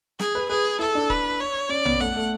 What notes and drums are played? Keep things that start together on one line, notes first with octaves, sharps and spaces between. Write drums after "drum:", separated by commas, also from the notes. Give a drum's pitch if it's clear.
G#4, drum: snare
B4
G#4 B4
E4 A4
D4
B4, drum: kick
C#5
C#4 D5
B3, drum: tom A#1
A3 F#5
A3